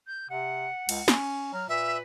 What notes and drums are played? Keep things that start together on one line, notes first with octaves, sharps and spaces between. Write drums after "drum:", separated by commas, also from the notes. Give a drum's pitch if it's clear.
G6
C3 F#5
C#2, drum: cymbal
C#4, drum: snare
F#3 F6
A#2 B4 E5